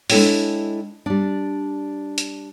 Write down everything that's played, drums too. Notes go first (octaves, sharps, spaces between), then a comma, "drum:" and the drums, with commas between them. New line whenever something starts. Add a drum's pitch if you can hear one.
G#3 D4 E4 A4 C#5 G5, drum: open hi-hat
G3 D4
drum: hi-hat